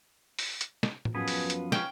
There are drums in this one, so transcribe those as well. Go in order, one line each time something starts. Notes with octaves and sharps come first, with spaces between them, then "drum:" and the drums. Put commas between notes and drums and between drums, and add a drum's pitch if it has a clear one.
drum: open hi-hat
drum: hi-hat
drum: snare
drum: tom A2
F#2 F3 B3 G#4 B4
drum: open hi-hat
drum: hi-hat
C#4 G5, drum: snare